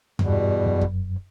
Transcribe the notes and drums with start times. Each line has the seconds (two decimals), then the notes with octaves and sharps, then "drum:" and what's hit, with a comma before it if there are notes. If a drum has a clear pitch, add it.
0.19 E2 G2 B2 G3, drum: tom E2
0.67 F#2
0.81 drum: kick